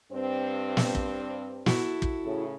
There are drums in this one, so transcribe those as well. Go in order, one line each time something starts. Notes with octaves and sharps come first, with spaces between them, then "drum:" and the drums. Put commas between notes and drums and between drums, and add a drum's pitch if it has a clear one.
G2 C4
drum: snare
drum: kick
E4 F#4 A4, drum: snare
drum: kick
A2 C#3